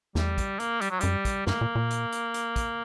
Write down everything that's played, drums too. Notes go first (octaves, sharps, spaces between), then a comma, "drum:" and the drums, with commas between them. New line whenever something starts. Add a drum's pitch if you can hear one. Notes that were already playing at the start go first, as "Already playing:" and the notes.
E2 G3, drum: snare
drum: kick, hi-hat
A#3, drum: hi-hat
G3, drum: hi-hat
F#3
F#2 G3, drum: hi-hat
drum: kick, hi-hat
G2 A#3, drum: snare
A#2
A#2
drum: hi-hat
drum: hi-hat
drum: hi-hat
drum: kick, hi-hat